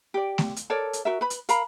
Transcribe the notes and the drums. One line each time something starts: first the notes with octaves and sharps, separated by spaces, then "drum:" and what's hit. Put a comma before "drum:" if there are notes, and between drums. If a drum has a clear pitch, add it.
G4 D5
drum: snare A3
drum: hi-hat
A4 A#4 C#5 D5
drum: hi-hat
F#4 A#4 E5
B4 B5
drum: hi-hat
A#4 F5 A#5 B5, drum: hi-hat